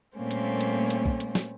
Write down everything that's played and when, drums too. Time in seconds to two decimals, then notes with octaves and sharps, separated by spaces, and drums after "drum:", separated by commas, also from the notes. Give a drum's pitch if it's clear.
0.16 A#2 G3 A3 A#3 C4 C#4
0.31 drum: hi-hat
0.61 drum: hi-hat
0.90 drum: hi-hat
1.05 drum: kick
1.20 drum: hi-hat
1.35 drum: snare